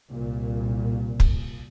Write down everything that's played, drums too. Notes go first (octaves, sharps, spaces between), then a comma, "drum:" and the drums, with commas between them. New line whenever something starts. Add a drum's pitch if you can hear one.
C2 A#2
drum: kick